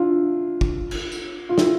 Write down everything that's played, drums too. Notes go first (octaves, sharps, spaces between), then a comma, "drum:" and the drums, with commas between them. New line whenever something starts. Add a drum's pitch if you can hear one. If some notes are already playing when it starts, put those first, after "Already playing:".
Already playing: D4 E4 F4
drum: kick
drum: cymbal
drum: tambourine
F4
E4, drum: snare